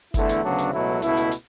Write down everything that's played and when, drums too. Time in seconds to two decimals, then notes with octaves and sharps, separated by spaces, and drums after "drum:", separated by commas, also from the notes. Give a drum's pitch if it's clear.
0.14 E2 D3 A3 E4, drum: kick F#1, hi-hat
0.29 drum: hi-hat
0.44 D2 C#3 F#3 B3 D4
0.58 drum: hi-hat
0.73 C#2 B2 F#3 A3 E4
1.02 C#2 B2 A3 E4, drum: hi-hat
1.17 drum: hi-hat
1.31 drum: hi-hat